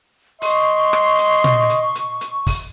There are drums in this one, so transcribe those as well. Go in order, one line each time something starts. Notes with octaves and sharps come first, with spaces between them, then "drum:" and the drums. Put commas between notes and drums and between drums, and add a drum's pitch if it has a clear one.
D#5 C6 C#6, drum: open hi-hat
drum: rim click
drum: hi-hat
drum: tom A#2
drum: hi-hat
drum: hi-hat
drum: hi-hat
drum: kick, open hi-hat